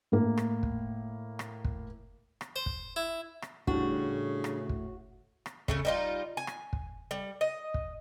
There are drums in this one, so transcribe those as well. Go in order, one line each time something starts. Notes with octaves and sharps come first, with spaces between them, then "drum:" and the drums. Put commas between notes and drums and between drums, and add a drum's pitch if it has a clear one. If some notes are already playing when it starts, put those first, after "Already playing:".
A2 A#3
drum: rim click
drum: kick
drum: rim click
drum: kick
drum: rim click
C5
drum: kick
E4
drum: rim click
A2 C#3 G3 D4 F#4, drum: kick
drum: rim click
drum: kick
drum: rim click
C#3 A3 C#4, drum: kick
G3 D#4 F4
G#5
drum: rim click
drum: kick
G3
D#5
drum: kick